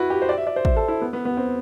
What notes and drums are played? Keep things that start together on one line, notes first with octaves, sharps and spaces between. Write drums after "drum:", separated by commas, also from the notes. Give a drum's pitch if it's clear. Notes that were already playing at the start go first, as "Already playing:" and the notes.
Already playing: E4 F#4 B4
G4
C5
D5
E5
D5
C5
E5, drum: kick
A4
E4
B3
B3
B3
C4